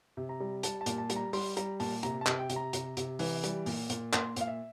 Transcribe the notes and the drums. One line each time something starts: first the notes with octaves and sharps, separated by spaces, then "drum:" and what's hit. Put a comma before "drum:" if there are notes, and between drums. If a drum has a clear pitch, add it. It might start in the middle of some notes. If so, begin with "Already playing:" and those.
C3
A#5
G3
G3 A5, drum: hi-hat
A5
A#2, drum: hi-hat
A5
G3, drum: hi-hat
A#5
G3 C6, drum: open hi-hat
G3 A#5, drum: hi-hat
A#2 A5, drum: open hi-hat
C3 A#5, drum: hi-hat
A5
C3, drum: clap
G5
C3, drum: hi-hat
A#5
C3, drum: hi-hat
C3, drum: hi-hat
E3, drum: open hi-hat
G3, drum: hi-hat
A#2, drum: open hi-hat
A#2, drum: hi-hat
A#2 C6, drum: clap
A#2 F5, drum: hi-hat
E5